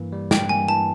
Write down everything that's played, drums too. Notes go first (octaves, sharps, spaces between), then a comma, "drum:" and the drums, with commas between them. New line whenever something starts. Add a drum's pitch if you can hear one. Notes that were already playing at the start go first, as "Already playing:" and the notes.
Already playing: G2 E3 A#3
G3
G2 G5, drum: snare
A#3 G#5
E3 A5